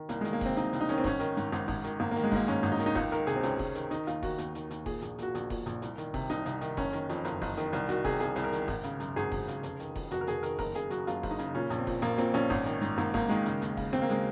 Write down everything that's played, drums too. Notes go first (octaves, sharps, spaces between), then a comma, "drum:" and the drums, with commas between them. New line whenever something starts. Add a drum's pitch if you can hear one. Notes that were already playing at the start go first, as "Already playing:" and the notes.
Already playing: D#3
C2 A#3, drum: hi-hat
G#3
D#3, drum: hi-hat
A#3
C3 C4, drum: kick F1, open hi-hat
C2 D#4, drum: hi-hat
C2, drum: hi-hat
D#4
D#3 C#4, drum: hi-hat
C4
G#1 C#4, drum: kick F1, open hi-hat
D#3, drum: hi-hat
G#2, drum: hi-hat
G#1, drum: hi-hat
G#1, drum: kick F1, open hi-hat
D#3, drum: hi-hat
G#1 A#3
A#3
D#3, drum: hi-hat
G#3
G#2 A#3, drum: kick F1, open hi-hat
G#1 C#4, drum: hi-hat
G#1, drum: hi-hat
D#4
D#3, drum: hi-hat
D#4
C#2 F4, drum: kick F1, open hi-hat
D#3 A#4, drum: hi-hat
C3 G#4, drum: hi-hat
C4
C#2 C#4, drum: hi-hat
C#2, drum: kick F1, open hi-hat
D#3, drum: hi-hat
D#3 D#4, drum: hi-hat
D#2 F4, drum: hi-hat
D#3 F#4, drum: kick F1, open hi-hat
D#2, drum: hi-hat
D#3, drum: hi-hat
D#2, drum: hi-hat
A#2 G#4, drum: kick F1, open hi-hat
A#1, drum: hi-hat
A#2 F#4, drum: hi-hat
A#1, drum: hi-hat
A#2, drum: kick F1, open hi-hat
A#1, drum: hi-hat
C2, drum: hi-hat
D#3, drum: hi-hat
C3, drum: kick F1, open hi-hat
C2 D#4, drum: hi-hat
C2, drum: hi-hat
D#3, drum: hi-hat
F#1 C#4, drum: kick F1, open hi-hat
D#3, drum: hi-hat
F2, drum: hi-hat
F#1, drum: hi-hat
F#1, drum: kick F1, open hi-hat
D#3, drum: hi-hat
C2, drum: hi-hat
D#3 F#4, drum: hi-hat
C3 G#4, drum: kick F1, open hi-hat
C2 G#4, drum: hi-hat
C2, drum: hi-hat
A#4
D#3, drum: hi-hat
G#1, drum: kick F1, open hi-hat
C#3, drum: hi-hat
F#2, drum: hi-hat
G#1 G#4, drum: hi-hat
G#1, drum: kick F1, open hi-hat
C#3, drum: hi-hat
F1, drum: hi-hat
D#3, drum: hi-hat
F2, drum: kick F1, open hi-hat
F1 F#4, drum: hi-hat
A#4
F1 G#4, drum: hi-hat
D#3 A#4, drum: hi-hat
F#1 A#4, drum: kick F1, open hi-hat
C#3 G#4, drum: hi-hat
F#2 F#4, drum: hi-hat
F#1 F4, drum: hi-hat
F#1, drum: kick F1, open hi-hat
D#4
C#3, drum: hi-hat
A#2 C#4
A#1, drum: hi-hat
C4
A#2, drum: kick F1, open hi-hat
A#1 A#3, drum: hi-hat
A#2 C4, drum: hi-hat
A#1 C#4, drum: hi-hat
G#1, drum: kick F1, open hi-hat
D#3, drum: hi-hat
G#2, drum: hi-hat
G#1 A#3, drum: hi-hat
G#1 A#3, drum: kick F1, open hi-hat
D#3 G#3, drum: hi-hat
C#3, drum: hi-hat
D#2, drum: hi-hat
C#3, drum: kick F1, open hi-hat
D#2 C4, drum: hi-hat
A#3
C#3 G#3, drum: hi-hat